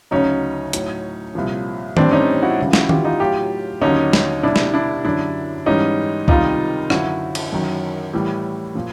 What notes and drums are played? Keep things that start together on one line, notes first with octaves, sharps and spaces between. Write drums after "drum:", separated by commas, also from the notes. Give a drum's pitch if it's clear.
D2 C#3 F#3 C#4 D#4
A2 F#3, drum: hi-hat
C2 A#2 F3
A2 E3 G3 C4 D4, drum: tom D#3
C#4 D#4
E4 F#4
C#2 C#3 E3 G3
E4 F#4, drum: snare
F4 G4, drum: tom D#3
D#4 F4
A2 F#3 F4 G4
D#2 D3 F#3 C#4 D#4
drum: snare
C2 B2 G3 D4 E4
drum: snare
D4 E4
F#2 D3 F#3 D4 E4
G#2 E3 G3 C#4 D#4
C#2 C3 D#3 G3 D#4 F4, drum: kick C2
F#2 D3 F3 E4 F#4, drum: rim click
drum: cymbal
F#2 D#3 F#3
A2 E3 G3
A#2 F3